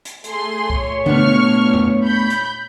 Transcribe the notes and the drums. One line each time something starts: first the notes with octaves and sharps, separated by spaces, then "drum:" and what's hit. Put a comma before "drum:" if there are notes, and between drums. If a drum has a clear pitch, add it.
drum: hi-hat
A3 G#4 C6, drum: hi-hat
A#2 C#5, drum: kick
A3 B3 D4 C#6 F6, drum: tom C#3
drum: tom E2
B5 G6
drum: hi-hat